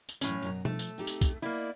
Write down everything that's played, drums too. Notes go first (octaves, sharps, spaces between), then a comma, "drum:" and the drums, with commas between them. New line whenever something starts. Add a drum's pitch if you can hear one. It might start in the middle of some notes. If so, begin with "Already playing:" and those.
drum: tambourine
F#2 A2 E3 C#4, drum: tambourine
F#2 B2 A#5
F3 A3, drum: tom B2
drum: tambourine
C4 D#4 G4
drum: tambourine
drum: kick B1, tambourine
A#3 B3 E4 D5 D#5